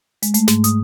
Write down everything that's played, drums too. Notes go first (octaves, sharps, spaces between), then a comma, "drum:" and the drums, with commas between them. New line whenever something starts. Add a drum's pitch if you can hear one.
G#3, drum: hi-hat
A3, drum: hi-hat
G#2, drum: snare
D#6, drum: hi-hat